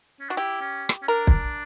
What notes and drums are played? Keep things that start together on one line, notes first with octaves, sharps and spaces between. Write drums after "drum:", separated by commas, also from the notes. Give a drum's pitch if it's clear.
C#4
D4 F#4
E4 G4
C#4
drum: rim click
C#4
D4 A#4
drum: kick